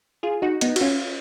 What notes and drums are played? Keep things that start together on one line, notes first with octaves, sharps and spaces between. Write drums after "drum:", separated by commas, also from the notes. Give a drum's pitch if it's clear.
F4 G#4
D#4 F#4
B3 D#4, drum: hi-hat
F#4, drum: cymbal
C#4 F4